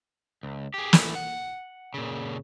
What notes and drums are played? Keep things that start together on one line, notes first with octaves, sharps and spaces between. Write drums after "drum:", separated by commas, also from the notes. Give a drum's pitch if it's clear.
C#2
G4 G#4
E3 A3, drum: snare
F#5
A#2 C#3